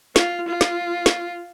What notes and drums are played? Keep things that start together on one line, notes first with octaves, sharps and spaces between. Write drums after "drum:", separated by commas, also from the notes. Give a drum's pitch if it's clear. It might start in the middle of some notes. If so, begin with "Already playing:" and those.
F4, drum: snare
F4
drum: snare
drum: snare